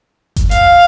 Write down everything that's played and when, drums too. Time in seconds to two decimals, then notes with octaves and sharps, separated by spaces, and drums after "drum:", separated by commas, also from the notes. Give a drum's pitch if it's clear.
0.36 drum: kick F#1, hi-hat
0.51 F5, drum: hi-hat